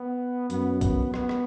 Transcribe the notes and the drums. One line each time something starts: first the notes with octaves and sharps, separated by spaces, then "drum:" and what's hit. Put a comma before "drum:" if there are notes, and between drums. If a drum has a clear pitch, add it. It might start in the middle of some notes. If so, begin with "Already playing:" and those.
Already playing: B3
F#2 B3, drum: hi-hat
B3, drum: kick, hi-hat
B3, drum: rim click
drum: rim click